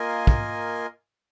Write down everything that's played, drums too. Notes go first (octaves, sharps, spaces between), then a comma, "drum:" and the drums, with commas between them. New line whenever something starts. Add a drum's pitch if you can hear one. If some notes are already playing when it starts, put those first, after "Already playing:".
Already playing: A#3 F4 A#4 D#5 G#5
drum: kick